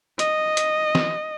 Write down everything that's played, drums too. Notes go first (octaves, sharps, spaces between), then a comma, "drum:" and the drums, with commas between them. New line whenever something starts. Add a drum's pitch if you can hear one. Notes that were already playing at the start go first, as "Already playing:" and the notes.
D#5, drum: hi-hat
drum: hi-hat
drum: snare